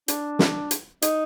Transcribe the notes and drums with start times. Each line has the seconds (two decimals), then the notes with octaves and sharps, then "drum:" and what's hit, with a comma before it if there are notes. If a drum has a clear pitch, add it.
0.08 D4, drum: hi-hat
0.39 drum: snare
0.71 drum: hi-hat
1.02 D#4, drum: hi-hat